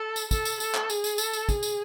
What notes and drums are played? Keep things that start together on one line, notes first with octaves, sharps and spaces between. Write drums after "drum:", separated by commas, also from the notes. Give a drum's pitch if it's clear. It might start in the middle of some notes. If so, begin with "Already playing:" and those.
Already playing: A4
drum: tambourine
A4, drum: kick, tambourine
drum: tambourine
A4, drum: tambourine
drum: clap
G#4, drum: tambourine
drum: tambourine
A4, drum: tambourine
drum: tambourine
G#4, drum: kick, tambourine
drum: tambourine